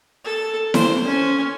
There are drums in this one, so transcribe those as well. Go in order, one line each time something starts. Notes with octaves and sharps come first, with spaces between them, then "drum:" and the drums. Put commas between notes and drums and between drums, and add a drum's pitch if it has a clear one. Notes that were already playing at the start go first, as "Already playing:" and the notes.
A4
C5, drum: snare E4
C#4